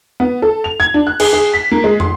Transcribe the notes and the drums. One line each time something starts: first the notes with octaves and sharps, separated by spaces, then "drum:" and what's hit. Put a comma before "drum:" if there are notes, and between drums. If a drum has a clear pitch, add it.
B3
A4
F7
G#6
D4
F#6
G#4, drum: cymbal
G#4
B6
A#3
G#3
C6, drum: tom